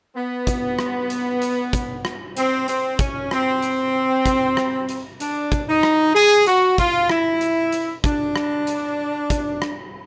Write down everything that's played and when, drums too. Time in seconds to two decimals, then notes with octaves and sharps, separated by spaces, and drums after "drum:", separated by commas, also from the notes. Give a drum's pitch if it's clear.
0.16 B3
0.47 drum: kick, hi-hat
0.79 drum: rim click
1.10 drum: hi-hat
1.42 drum: hi-hat
1.73 drum: kick, hi-hat
2.05 drum: rim click
2.37 C4, drum: hi-hat
2.68 C4, drum: hi-hat
2.99 C#4, drum: kick, hi-hat
3.31 C4, drum: rim click
3.62 drum: hi-hat
4.26 drum: kick, hi-hat
4.57 drum: rim click
4.89 drum: hi-hat
5.20 D4, drum: hi-hat
5.52 drum: kick, hi-hat
5.68 D#4
5.83 drum: rim click
6.14 G#4
6.46 F#4, drum: hi-hat
6.78 F4, drum: kick, hi-hat
7.09 E4, drum: rim click
7.41 drum: hi-hat
7.72 drum: hi-hat
8.04 D4, drum: kick, hi-hat
8.36 drum: rim click
8.67 drum: hi-hat
9.30 drum: kick, hi-hat
9.62 drum: rim click